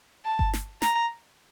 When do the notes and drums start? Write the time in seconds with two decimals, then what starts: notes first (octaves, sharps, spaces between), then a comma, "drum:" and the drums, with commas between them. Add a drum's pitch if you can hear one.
0.25 A5
0.39 drum: kick G1
0.53 drum: snare
0.82 A#5, drum: snare